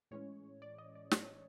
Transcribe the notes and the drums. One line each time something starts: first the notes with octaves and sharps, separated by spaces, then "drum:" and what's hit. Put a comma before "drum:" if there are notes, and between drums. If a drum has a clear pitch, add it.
A2 E3 G#3 C#4 C#5
D5
D#5
D5
C#5, drum: snare